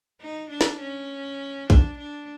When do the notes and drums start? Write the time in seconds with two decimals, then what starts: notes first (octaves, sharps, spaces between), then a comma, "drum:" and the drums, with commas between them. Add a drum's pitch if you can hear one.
0.21 D#4
0.50 D4
0.61 drum: snare
0.80 C#4
1.70 D4, drum: kick
1.99 D4